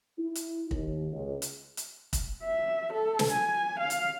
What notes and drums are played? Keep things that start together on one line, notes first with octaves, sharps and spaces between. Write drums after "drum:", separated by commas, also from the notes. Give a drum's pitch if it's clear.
E4
drum: hi-hat
D#2, drum: kick
C#2
drum: hi-hat
drum: hi-hat
drum: kick, hi-hat
E5
A4
drum: snare
G#5
F5
drum: hi-hat